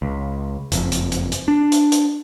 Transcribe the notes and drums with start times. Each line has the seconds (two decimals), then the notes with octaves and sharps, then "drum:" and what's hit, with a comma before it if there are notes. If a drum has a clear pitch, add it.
0.02 C#2
0.72 F#1 F2, drum: hi-hat
0.92 drum: hi-hat
1.12 drum: hi-hat
1.32 drum: hi-hat
1.48 D4
1.72 drum: hi-hat
1.92 drum: hi-hat